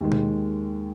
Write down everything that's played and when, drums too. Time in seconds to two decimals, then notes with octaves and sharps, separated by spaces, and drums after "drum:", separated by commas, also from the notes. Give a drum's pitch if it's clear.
0.01 D#2 D#3 G#3
0.12 drum: tom B2